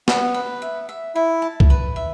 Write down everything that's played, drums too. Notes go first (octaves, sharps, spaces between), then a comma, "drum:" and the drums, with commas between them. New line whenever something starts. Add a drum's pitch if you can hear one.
B3 B4, drum: snare
B4
E5
E5
E4 E5
A5
drum: kick C2
B4
E5